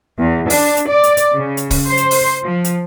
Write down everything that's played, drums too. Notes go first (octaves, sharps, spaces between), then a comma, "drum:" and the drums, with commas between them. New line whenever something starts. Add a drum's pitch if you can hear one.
E2
D4, drum: open hi-hat
drum: hi-hat
D5
drum: hi-hat
drum: hi-hat
C#3
drum: hi-hat
drum: kick, open hi-hat
C5
drum: hi-hat
drum: open hi-hat
F3
drum: hi-hat